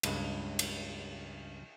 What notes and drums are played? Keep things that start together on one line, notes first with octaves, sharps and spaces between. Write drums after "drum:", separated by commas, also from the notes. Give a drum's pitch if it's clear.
C#2 G2 G#3, drum: cymbal
drum: cymbal